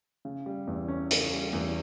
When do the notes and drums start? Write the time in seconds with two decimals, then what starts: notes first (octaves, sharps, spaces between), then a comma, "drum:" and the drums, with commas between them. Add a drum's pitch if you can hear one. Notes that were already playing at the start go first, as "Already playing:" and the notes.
0.25 C#3
0.46 G3
0.67 E2
0.88 C#4
1.11 C#3, drum: hi-hat
1.32 G3
1.53 E2